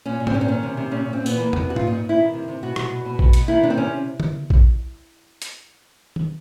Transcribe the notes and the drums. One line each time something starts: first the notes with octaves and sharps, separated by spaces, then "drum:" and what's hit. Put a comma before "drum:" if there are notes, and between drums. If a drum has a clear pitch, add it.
A#2 C#4
A#2
C4, drum: tom G#2
A#2 C#4
C4
D#3 C#4
C3
C3
A#2 C#4
A#2
C4
A#2
B3, drum: tambourine
E3
A#3
C3
B3, drum: tom E2
C3
F#4
A#2 F4, drum: tom G#2
A#2 D#4
A#2 E4
D#3
C3
C3
B2 F#4
B2, drum: rim click
B2
B2
B2, drum: kick A1
B2, drum: hi-hat
D#3 E4
C3 D4
C4
C3 C#4
drum: tom D3
drum: kick A1
drum: hi-hat
drum: tom D#3